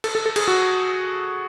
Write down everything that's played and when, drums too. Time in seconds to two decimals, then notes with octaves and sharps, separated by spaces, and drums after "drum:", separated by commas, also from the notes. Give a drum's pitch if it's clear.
0.04 A4, drum: cymbal
0.15 A4
0.26 A4
0.36 G#4, drum: cymbal
0.48 F#4